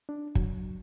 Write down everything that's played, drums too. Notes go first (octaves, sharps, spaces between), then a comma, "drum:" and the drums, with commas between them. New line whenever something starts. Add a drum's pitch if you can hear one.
D4
F#3, drum: kick